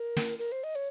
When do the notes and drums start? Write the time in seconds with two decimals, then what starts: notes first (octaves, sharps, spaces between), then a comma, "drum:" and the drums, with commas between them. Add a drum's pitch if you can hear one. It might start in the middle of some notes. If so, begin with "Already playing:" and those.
Already playing: A#4
0.17 drum: snare
0.39 A#4
0.52 C5
0.64 D#5
0.75 C#5